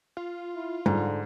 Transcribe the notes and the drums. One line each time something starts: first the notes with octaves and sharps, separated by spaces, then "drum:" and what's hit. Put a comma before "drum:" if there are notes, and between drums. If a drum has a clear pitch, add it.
F4
E4
G#2 D3, drum: tom G3